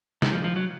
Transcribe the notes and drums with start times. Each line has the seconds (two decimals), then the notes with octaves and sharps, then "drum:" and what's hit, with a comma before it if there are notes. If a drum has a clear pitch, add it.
0.22 D#3, drum: snare
0.32 F3
0.44 F3
0.56 F#3